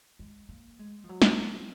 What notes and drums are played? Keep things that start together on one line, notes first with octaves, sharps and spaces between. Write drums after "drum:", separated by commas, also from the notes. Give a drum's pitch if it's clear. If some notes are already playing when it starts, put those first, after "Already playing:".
G#3
A#3
G#3
F3
F#3
drum: snare